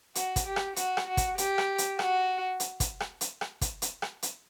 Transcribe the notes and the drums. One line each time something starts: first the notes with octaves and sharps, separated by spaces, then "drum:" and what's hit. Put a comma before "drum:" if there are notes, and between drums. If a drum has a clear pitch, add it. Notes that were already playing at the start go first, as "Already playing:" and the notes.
F#4, drum: hi-hat
drum: kick, hi-hat
G4
drum: rim click
F#4, drum: hi-hat
drum: rim click
F#4
drum: kick, hi-hat
G4, drum: hi-hat
drum: rim click
drum: hi-hat
F#4, drum: rim click
drum: hi-hat
drum: kick, hi-hat
drum: rim click
drum: hi-hat
drum: rim click
drum: kick, hi-hat
drum: hi-hat
drum: rim click
drum: hi-hat